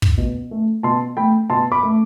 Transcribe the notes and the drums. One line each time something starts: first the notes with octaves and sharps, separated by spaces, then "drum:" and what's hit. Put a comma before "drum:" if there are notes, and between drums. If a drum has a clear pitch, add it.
drum: kick
B2
A3
B2 A5 C6
A3 G5 B5
B2 A5 C6
B5 D6
A3